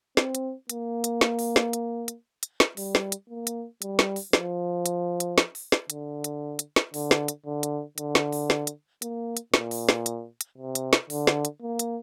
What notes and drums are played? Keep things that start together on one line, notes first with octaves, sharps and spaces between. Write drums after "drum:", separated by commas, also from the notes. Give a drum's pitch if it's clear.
C4, drum: snare
drum: hi-hat
A#3, drum: hi-hat
drum: hi-hat
drum: snare
drum: open hi-hat
drum: snare
drum: hi-hat
drum: hi-hat
drum: hi-hat
drum: snare
G3, drum: open hi-hat
drum: snare
drum: hi-hat
A#3
drum: hi-hat
G3, drum: hi-hat
drum: snare
drum: open hi-hat
F3, drum: snare
drum: hi-hat
drum: hi-hat
drum: snare
drum: open hi-hat
drum: snare
D3, drum: hi-hat
drum: hi-hat
drum: hi-hat
drum: snare
D3, drum: open hi-hat
drum: snare
drum: hi-hat
D3
drum: hi-hat
D3, drum: hi-hat
drum: snare
drum: open hi-hat
drum: snare
drum: hi-hat
A#3, drum: hi-hat
drum: hi-hat
A#2, drum: snare
drum: open hi-hat
drum: snare
drum: hi-hat
drum: hi-hat
C3
drum: hi-hat
drum: snare
D3, drum: open hi-hat
drum: snare
drum: hi-hat
A#3
drum: hi-hat